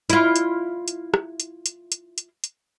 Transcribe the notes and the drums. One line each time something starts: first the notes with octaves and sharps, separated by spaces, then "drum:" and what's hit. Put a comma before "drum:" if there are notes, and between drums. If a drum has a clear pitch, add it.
E4 F4, drum: hi-hat
drum: hi-hat
drum: hi-hat
drum: rim click
drum: hi-hat
drum: hi-hat
drum: hi-hat
drum: hi-hat
drum: hi-hat